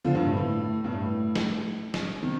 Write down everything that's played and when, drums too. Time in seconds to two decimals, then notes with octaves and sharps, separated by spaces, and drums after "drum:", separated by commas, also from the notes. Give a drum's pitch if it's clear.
0.05 D3 F3
0.15 G2
0.26 A2
0.37 A2
0.84 G2
0.92 A2
1.36 drum: snare
1.94 drum: snare
2.23 C3 D#3